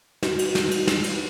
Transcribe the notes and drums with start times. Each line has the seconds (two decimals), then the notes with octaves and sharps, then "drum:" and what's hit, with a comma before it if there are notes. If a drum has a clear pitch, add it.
0.23 D#4 F#4, drum: snare
0.39 drum: cymbal
0.55 drum: snare
0.71 drum: cymbal
0.87 drum: snare
1.04 drum: cymbal